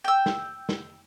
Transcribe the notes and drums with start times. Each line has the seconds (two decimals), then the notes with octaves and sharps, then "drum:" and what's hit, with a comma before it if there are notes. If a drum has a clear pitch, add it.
0.05 G5 E6
0.26 drum: snare
0.69 drum: snare